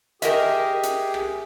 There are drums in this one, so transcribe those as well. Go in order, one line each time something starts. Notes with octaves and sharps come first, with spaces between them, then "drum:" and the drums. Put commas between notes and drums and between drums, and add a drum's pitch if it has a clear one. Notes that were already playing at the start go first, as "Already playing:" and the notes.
G4 G#4 A#4 D#5 E5, drum: hi-hat
drum: hi-hat
drum: rim click